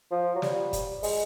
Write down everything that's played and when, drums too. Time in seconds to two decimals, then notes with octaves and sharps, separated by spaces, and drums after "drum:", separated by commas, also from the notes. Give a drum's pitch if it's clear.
0.12 F3
0.36 F#3
0.42 G3, drum: snare
0.73 drum: kick, hi-hat
1.03 G#3, drum: open hi-hat